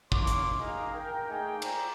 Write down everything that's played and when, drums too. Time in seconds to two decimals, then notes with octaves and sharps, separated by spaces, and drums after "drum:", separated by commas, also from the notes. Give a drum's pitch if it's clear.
0.12 A#3 C#4 C#5 C6 D6, drum: kick
0.27 drum: hi-hat
0.59 A#3 D#4 G#4 D#5 F5 A#5
0.93 A#4 G5
1.29 A3 A#3 D#4 G#4 G5
1.62 F4 C5 D5 A#5, drum: cymbal